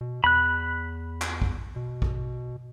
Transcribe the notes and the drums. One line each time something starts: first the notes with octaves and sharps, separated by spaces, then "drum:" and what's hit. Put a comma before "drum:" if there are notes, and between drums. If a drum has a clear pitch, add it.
B2
E2 B5 F#6
drum: clap
drum: kick A#1
B2
drum: kick A#1